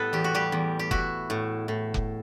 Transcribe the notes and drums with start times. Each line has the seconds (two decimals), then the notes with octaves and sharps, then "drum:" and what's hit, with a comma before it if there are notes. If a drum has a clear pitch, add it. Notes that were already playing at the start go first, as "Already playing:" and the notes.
Already playing: A2 G3 B3 A4 B4
0.13 E2 G4
0.24 F#4
0.35 G3 G4
0.52 E2
0.79 G4
0.91 E4 F#4, drum: kick F1
1.30 A2
1.68 A2
1.94 drum: kick F1